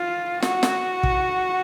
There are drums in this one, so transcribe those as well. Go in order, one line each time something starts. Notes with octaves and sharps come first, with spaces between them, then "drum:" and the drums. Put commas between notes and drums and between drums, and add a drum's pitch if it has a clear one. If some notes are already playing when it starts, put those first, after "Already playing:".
Already playing: F4
F#4, drum: snare
drum: snare
drum: kick